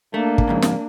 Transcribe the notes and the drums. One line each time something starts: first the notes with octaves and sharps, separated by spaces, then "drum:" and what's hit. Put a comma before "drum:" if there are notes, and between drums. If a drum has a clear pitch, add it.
A3 A#3 D4
drum: kick
F2 G#2 C#3
drum: snare